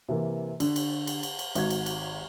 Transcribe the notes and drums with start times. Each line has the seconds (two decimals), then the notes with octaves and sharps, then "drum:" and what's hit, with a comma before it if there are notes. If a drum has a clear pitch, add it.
0.09 C3 E3 A#3
0.60 D3, drum: cymbal
0.76 drum: cymbal
1.07 drum: cymbal
1.23 drum: cymbal
1.39 drum: cymbal
1.55 G#1 F#4 G#6, drum: cymbal
1.70 drum: cymbal
1.86 drum: cymbal